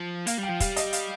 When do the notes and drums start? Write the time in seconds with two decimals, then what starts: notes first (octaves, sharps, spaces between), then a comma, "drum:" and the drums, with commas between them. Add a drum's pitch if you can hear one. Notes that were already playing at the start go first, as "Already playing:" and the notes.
Already playing: F3
0.27 A#3 F5, drum: hi-hat
0.38 G3 G5
0.49 F3
0.60 G3 F5, drum: kick, hi-hat
0.76 D#5, drum: hi-hat
0.93 F5, drum: hi-hat